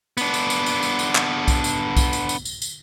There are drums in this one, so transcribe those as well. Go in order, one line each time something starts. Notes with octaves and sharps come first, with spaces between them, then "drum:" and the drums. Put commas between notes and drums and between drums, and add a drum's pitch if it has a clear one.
B3 D4, drum: tambourine
drum: tambourine
drum: tambourine
drum: tambourine
drum: tambourine
drum: tambourine
drum: clap
drum: kick B1, tambourine
drum: tambourine
drum: kick B1, tambourine
drum: tambourine
drum: tambourine
drum: tambourine
drum: tambourine